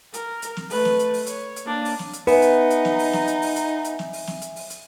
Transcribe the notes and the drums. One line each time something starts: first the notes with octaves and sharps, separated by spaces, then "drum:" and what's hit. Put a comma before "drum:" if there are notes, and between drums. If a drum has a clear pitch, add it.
A#4, drum: hi-hat
drum: hi-hat
drum: snare
A3 B4, drum: open hi-hat
drum: snare
drum: hi-hat
drum: open hi-hat
C#5, drum: hi-hat
drum: hi-hat
A#3 D4
drum: open hi-hat
drum: snare
drum: hi-hat
B3 D#4 B4 E5 G#5, drum: open hi-hat
drum: hi-hat
drum: hi-hat
drum: snare
drum: open hi-hat
drum: snare
drum: hi-hat
drum: open hi-hat
drum: hi-hat
drum: hi-hat
drum: snare
drum: open hi-hat
drum: snare
drum: hi-hat
drum: open hi-hat
drum: hi-hat